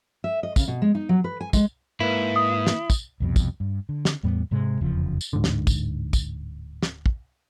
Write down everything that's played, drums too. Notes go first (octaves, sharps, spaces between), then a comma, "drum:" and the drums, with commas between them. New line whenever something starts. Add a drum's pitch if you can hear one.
E5
D#5
C#3, drum: kick, tambourine
B2
G#3
D#4
F#3
B4
G#5
G#3, drum: kick, tambourine
G#2 A#3 E4 B4
D#6
drum: snare
drum: kick, tambourine
C2 F2 B2
drum: kick, tambourine
G2
D3
drum: snare
E2 A2 G3 B3
G#2 C3 G#3
F1 E2 C#3 F3
drum: tambourine
D1 G#2 D3
drum: snare
drum: kick, tambourine
drum: kick, tambourine
drum: snare
drum: kick